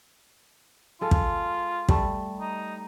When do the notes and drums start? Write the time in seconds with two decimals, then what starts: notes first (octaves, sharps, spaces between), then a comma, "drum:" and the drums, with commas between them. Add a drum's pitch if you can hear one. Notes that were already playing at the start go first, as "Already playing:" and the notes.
1.01 G#3 F4 A4
1.11 drum: kick
1.89 G3 A3, drum: kick
2.40 D#4